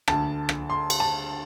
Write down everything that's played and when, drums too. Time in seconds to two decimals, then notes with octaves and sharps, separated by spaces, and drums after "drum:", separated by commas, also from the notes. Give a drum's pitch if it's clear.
0.08 D2 D3 A5, drum: rim click
0.49 drum: rim click
0.70 C6
0.90 drum: cymbal
1.00 A5